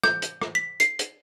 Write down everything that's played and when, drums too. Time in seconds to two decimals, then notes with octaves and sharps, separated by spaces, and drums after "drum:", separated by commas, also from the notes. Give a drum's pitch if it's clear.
0.04 G6, drum: rim click
0.22 drum: hi-hat
0.41 drum: rim click
0.55 B6
0.80 C7, drum: hi-hat
0.99 drum: hi-hat